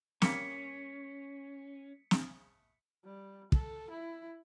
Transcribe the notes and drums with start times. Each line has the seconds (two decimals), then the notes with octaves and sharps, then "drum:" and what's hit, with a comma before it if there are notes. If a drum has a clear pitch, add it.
0.22 G3 A#3 C#4 B6 C#7, drum: snare
2.11 drum: snare
3.05 G3
3.52 A4, drum: kick
3.90 E4